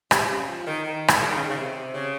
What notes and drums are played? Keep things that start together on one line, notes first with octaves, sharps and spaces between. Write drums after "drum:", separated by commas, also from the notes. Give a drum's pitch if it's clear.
C3, drum: rim click
C#3
F3
D#3
D#3
drum: rim click
C#3
D#3
C#3
D#3
C#3
C3
C#3